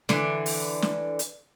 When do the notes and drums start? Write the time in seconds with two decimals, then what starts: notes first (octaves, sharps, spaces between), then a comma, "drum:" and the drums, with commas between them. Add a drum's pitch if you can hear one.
0.09 D3 E3, drum: snare
0.46 drum: open hi-hat
0.82 drum: snare
1.19 drum: hi-hat